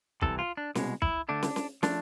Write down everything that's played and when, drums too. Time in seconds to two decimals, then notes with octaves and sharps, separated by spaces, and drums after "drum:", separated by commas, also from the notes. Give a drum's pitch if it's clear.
0.21 C2 C3 E3 A4, drum: kick
0.39 F4
0.57 D4
0.75 C2 B2 G#3, drum: snare
1.02 E4, drum: kick
1.29 D2 D3 A3 D4
1.43 drum: snare
1.56 drum: snare
1.83 F3 A3 D4, drum: snare